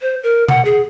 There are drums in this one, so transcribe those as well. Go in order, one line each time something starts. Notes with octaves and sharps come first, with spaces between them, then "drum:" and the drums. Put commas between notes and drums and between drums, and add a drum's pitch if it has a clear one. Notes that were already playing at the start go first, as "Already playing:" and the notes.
C5
A#4
F#5, drum: tom B2
G#4